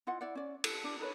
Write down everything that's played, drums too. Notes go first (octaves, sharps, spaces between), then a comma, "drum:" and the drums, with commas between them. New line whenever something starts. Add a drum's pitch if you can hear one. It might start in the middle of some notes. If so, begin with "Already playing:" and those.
E4 F4 D#5 F#5
E4 D5 F#5
C#4 D5
A4, drum: cymbal
D4
D#4 A4 B4 C#5